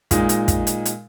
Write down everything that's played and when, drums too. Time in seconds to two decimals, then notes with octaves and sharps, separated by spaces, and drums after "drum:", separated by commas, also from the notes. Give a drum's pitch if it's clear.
0.11 A#2 G#3 D#4, drum: kick, hi-hat
0.29 drum: hi-hat
0.48 drum: kick, hi-hat
0.67 drum: hi-hat
0.85 drum: hi-hat